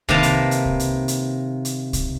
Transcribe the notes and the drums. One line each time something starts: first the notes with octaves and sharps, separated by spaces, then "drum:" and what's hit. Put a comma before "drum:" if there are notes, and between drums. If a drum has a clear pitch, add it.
C3 D#3 A#3 B4 F5 A5, drum: kick C2
drum: hi-hat
drum: hi-hat
drum: kick C2
drum: hi-hat
drum: hi-hat
drum: hi-hat
drum: kick C2, hi-hat